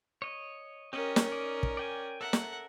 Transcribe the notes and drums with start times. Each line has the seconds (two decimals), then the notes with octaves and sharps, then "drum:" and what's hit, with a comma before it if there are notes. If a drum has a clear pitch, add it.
0.22 C#5 D#5
0.93 C#4 G4 A#4 D#5
1.16 drum: snare
1.32 D#4 D5
1.63 drum: kick
1.77 D5 G5 G#5
2.21 A4 A#4 E5 F#5
2.33 drum: snare